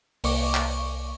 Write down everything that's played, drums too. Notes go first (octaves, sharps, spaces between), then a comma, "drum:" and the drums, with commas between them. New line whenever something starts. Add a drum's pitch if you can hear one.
C2 A#3 C#6 D6, drum: open hi-hat
drum: clap